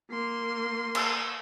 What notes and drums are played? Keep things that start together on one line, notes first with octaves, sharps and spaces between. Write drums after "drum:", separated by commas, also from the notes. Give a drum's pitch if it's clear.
A#3 C6
drum: cymbal